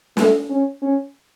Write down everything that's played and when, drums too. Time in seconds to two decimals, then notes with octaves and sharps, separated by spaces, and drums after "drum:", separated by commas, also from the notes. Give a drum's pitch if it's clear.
0.17 A3, drum: snare
0.50 C#4
0.82 C#4